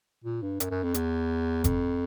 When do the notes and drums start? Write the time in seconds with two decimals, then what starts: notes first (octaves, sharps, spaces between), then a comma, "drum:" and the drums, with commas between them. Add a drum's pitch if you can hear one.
0.25 A#2
0.42 G2
0.60 F#2, drum: hi-hat
0.71 F#2
0.83 F2
0.94 E2, drum: hi-hat
1.64 F2, drum: kick F#1, hi-hat